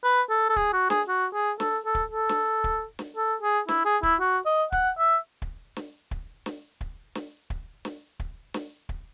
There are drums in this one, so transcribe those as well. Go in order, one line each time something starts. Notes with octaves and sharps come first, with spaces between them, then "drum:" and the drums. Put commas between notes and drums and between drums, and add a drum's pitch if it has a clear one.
B4
A4
A4
G#4, drum: kick
F#4
G#4, drum: snare
F#4
G#4
A4, drum: snare
A4
drum: kick
A4
drum: snare
drum: kick
drum: snare
A4
G#4
E4, drum: snare
G#4
E4, drum: kick
F#4
D#5
F#5, drum: kick
E5
drum: kick
drum: snare
drum: kick
drum: snare
drum: kick
drum: snare
drum: kick
drum: snare
drum: kick
drum: snare
drum: kick